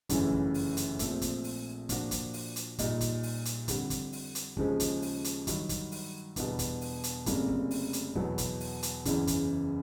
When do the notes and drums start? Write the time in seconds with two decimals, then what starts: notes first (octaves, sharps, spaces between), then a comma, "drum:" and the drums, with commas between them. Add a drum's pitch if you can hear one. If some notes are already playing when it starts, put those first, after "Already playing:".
0.09 G1 F#2 C#3 E3 A3, drum: kick, hi-hat
0.32 drum: kick
0.54 drum: open hi-hat
0.77 drum: hi-hat
0.99 A#1 A#2 F3 A3 C4, drum: kick, hi-hat
1.21 drum: kick, hi-hat
1.44 drum: open hi-hat
1.89 A#2 F3 A#3 D4 F#4, drum: kick, hi-hat
2.11 drum: kick, hi-hat
2.33 drum: open hi-hat
2.56 drum: hi-hat
2.79 A#1 A#2 G3 A#3 D#4, drum: kick, hi-hat
3.01 drum: kick, hi-hat
3.23 drum: open hi-hat
3.45 drum: hi-hat
3.68 F2 D3 G3, drum: kick, hi-hat
3.90 drum: kick, hi-hat
4.12 drum: open hi-hat
4.35 drum: hi-hat
4.57 D#2 C#3 F3 G#3, drum: kick
4.80 drum: kick, hi-hat
5.02 drum: open hi-hat
5.24 drum: hi-hat
5.47 G2 D#3 F#3, drum: kick, hi-hat
5.69 drum: kick, hi-hat
5.92 drum: open hi-hat
6.36 E2 B2 G3 B3 D4, drum: kick, hi-hat
6.59 drum: kick, hi-hat
6.81 drum: open hi-hat
7.03 drum: hi-hat
7.26 F1 F2 C#3 F#3 A#3, drum: kick, hi-hat
7.48 drum: kick
7.71 drum: open hi-hat
7.93 drum: hi-hat
8.15 E2 B2 F#3 B3, drum: kick
8.38 drum: kick, hi-hat
8.60 drum: open hi-hat
8.83 drum: hi-hat
9.05 F#1 E2 C#3 E3, drum: kick, hi-hat
9.27 drum: kick, hi-hat